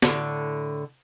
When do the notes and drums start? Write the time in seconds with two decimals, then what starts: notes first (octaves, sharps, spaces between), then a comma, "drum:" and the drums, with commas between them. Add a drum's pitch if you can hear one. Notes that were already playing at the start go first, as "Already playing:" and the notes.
0.02 A2 D3, drum: snare